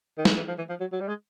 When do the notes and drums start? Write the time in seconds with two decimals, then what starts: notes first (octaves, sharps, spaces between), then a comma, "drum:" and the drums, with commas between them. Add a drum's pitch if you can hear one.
0.18 D#3
0.25 E3, drum: snare
0.37 E3
0.48 F3
0.58 E3
0.69 F3
0.80 F#3
0.92 F#3
1.01 G3
1.08 G#3